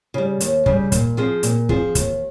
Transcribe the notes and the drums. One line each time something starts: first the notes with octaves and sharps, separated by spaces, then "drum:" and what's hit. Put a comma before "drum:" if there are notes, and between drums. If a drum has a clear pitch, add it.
C#3 G3
D#2, drum: hi-hat
C#3 G3, drum: kick
A#2, drum: kick, hi-hat
F3 C4 F4 G#4
A#2, drum: hi-hat
F3 C4 F4 G#4, drum: kick
D#2, drum: kick, hi-hat